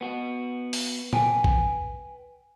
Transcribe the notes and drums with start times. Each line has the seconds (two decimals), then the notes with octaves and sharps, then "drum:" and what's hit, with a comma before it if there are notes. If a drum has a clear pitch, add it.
0.01 B3 F#4
0.73 drum: open hi-hat
1.13 B4 G5 G#5, drum: tom A#2
1.44 drum: kick A#1